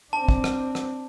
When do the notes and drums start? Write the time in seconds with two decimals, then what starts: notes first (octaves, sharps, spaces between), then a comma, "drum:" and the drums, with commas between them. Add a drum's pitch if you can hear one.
0.13 C4 D4 A5
0.28 drum: kick
0.44 drum: rim click
0.75 drum: rim click